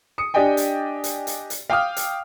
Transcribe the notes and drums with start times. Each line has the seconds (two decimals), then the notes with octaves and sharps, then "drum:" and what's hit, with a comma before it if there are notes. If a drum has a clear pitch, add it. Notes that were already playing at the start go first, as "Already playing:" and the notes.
0.18 D#6 C#7
0.34 D4 G4 D5 D#5 G5 G#5
0.57 drum: hi-hat
1.04 drum: hi-hat
1.27 drum: hi-hat
1.50 drum: hi-hat
1.70 F5 G5 D6 D#6 F6
1.97 drum: hi-hat